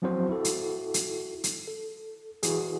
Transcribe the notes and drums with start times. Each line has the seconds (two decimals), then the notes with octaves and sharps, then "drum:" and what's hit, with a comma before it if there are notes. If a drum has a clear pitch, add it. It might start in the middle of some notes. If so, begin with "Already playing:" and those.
0.02 F3 F#3 C4 E4 F#4 C5
0.29 E4 F#4 A4
0.45 drum: hi-hat
0.94 drum: hi-hat
1.44 drum: hi-hat
1.68 A4
2.43 E3 E4 F#4 G#4, drum: hi-hat